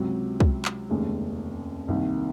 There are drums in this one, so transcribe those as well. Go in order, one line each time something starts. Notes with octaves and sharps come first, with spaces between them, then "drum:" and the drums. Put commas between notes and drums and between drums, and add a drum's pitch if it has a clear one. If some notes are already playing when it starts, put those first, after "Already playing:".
Already playing: C#2 C3 F#3
drum: kick
drum: clap
F1 D#2 C#3 G#3
C2 C3 D#3 A#3